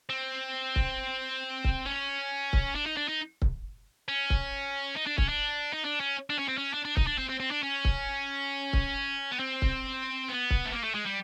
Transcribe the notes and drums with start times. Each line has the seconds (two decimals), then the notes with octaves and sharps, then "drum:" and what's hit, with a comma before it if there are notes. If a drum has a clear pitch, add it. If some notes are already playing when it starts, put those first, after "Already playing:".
0.10 C4
0.76 drum: kick C#1
1.64 drum: kick C#1
1.86 C#4
2.53 drum: kick C#1
2.75 D4
2.86 D#4
2.97 D4
3.08 D#4
3.42 drum: kick C#1
4.08 C#4
4.30 drum: kick C#1
4.96 D#4
5.07 D4
5.18 C#4, drum: kick C#1
5.29 D4
5.73 D#4
5.85 D4
6.00 C#4
6.30 D4
6.39 C#4
6.48 C4
6.58 C#4
6.74 D4
6.85 D4
6.97 D#4, drum: kick C#1
7.07 D4
7.18 C4
7.29 C4
7.40 C4
7.51 D4
7.63 C#4
7.85 drum: kick C#1
8.73 drum: kick C#1
9.32 B3
9.40 C4
9.62 drum: kick C#1
10.29 B3
10.50 drum: kick C#1
10.65 A3
10.73 A#3
10.84 A3
10.95 G#3
11.06 G3